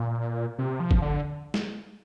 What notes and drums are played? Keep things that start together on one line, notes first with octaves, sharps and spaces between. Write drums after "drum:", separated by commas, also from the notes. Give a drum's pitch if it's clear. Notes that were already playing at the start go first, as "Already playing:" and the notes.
Already playing: A#2
C3
F3
drum: kick
D3
drum: snare